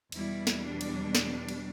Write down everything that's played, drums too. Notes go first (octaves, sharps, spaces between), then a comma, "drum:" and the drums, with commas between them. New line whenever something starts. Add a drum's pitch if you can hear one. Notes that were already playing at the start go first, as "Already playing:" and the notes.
E2 B2 G3 E4, drum: cymbal
drum: snare
D4
drum: cymbal
drum: snare
drum: cymbal